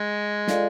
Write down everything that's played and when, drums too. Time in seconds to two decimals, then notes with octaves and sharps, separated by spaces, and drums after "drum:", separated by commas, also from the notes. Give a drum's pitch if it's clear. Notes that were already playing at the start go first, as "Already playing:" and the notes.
Already playing: G#3
0.48 F4 A4 D5 F5, drum: snare